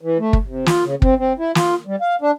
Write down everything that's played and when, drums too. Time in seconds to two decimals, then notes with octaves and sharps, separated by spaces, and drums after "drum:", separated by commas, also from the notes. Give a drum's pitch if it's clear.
0.01 E3
0.19 A3
0.33 drum: kick
0.47 C3
0.66 F4, drum: snare
0.84 C#3
1.02 C4, drum: kick
1.19 C4
1.39 E4
1.55 F4, drum: snare
1.87 G3
2.01 F5
2.21 D4